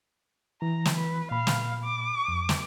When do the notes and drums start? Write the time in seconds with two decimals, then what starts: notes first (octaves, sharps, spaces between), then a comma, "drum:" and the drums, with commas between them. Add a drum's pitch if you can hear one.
0.62 E3 A#5
0.85 drum: snare
0.96 B4
1.31 A#2 F5 B5
1.47 drum: snare
1.84 D6
2.28 F2
2.49 drum: snare